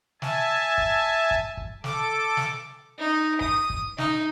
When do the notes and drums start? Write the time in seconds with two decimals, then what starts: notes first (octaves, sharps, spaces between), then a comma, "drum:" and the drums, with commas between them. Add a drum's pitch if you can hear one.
0.22 E5 G#5 A5, drum: snare
0.78 drum: kick
1.31 drum: kick
1.57 drum: kick
1.84 A4 D6, drum: snare
2.37 drum: snare
2.99 D#4
3.41 D#6, drum: kick
3.70 drum: kick
3.98 D#4, drum: snare